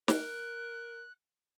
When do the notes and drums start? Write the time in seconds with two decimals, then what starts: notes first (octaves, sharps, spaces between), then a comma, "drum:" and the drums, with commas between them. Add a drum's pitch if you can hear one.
0.08 A#4 F#6, drum: snare